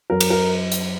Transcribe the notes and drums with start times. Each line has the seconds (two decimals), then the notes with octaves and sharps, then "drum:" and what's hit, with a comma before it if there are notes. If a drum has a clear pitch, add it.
0.10 F#2 A#4
0.21 drum: cymbal
0.30 A#4
0.72 drum: hi-hat